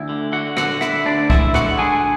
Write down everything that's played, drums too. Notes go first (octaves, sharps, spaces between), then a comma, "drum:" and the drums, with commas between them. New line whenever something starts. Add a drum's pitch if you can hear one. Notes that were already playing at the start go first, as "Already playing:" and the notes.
Already playing: D2 E4
D3
D3 F#4 F#5
D3 F#4 F#5, drum: rim click
D3 E4 E5, drum: rim click
D2 D4 D5
G#3 E4 E5, drum: kick
D3 F#4 F#5, drum: rim click
D4 G#4 G#5